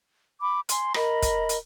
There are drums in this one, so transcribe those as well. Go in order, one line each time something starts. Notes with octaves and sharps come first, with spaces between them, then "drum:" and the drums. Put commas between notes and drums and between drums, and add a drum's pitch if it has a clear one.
B5 D6
G#5 C6, drum: hi-hat
A#4 D#5 B5, drum: rim click
drum: kick, hi-hat
drum: hi-hat